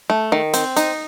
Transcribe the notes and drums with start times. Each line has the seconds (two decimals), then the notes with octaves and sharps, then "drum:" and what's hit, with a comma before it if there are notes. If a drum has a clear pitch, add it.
0.10 A3
0.32 D#3
0.54 C4, drum: hi-hat
0.77 D#4, drum: hi-hat